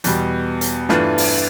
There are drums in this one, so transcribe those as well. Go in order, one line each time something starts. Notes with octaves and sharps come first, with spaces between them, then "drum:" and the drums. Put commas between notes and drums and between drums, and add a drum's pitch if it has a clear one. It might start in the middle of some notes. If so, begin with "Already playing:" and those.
E2 B2 G3, drum: hi-hat
drum: hi-hat
G2 E3 A3 D4 F4, drum: snare
drum: open hi-hat